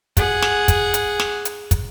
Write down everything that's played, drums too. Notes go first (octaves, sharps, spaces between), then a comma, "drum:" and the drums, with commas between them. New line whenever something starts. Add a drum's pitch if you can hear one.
G#4 F#5, drum: kick, hi-hat
drum: snare
drum: kick, hi-hat
drum: hi-hat
drum: snare
drum: hi-hat
drum: kick, hi-hat